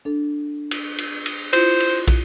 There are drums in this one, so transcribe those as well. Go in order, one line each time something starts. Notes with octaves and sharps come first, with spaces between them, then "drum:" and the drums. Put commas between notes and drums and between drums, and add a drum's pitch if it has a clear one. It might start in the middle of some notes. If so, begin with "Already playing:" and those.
D4 A4
drum: cymbal
drum: cymbal
drum: cymbal
E4 F4 C5, drum: cymbal
drum: cymbal
drum: kick, cymbal